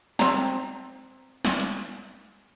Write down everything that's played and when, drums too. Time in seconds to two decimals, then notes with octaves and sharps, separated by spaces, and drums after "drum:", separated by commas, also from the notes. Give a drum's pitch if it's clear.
0.19 C4 A#5, drum: snare
1.45 drum: snare
1.60 drum: hi-hat